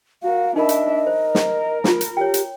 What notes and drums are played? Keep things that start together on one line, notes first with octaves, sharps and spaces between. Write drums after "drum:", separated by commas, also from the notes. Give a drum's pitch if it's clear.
F#4 A#4 F5
D4 D#4 A#4 D#5 E5 B5
drum: hi-hat
A#4 C5
drum: snare
F4 A#5, drum: snare
drum: hi-hat
G4 C#5 G5
drum: hi-hat